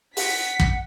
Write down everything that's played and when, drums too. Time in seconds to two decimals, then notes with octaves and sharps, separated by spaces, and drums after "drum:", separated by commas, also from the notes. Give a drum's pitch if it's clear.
0.17 F#5 B6, drum: open hi-hat
0.60 drum: kick